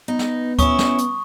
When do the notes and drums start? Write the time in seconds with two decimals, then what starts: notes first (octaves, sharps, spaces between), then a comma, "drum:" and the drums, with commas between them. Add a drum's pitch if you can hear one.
0.08 B3 D#4
0.19 drum: snare
0.59 C#4 E4 C#6 D#6, drum: kick D2, hi-hat
0.78 drum: snare
0.98 drum: hi-hat